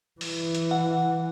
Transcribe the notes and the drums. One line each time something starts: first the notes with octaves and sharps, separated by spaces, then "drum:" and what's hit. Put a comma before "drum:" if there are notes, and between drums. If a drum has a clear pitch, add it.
E3, drum: open hi-hat
drum: hi-hat
F#5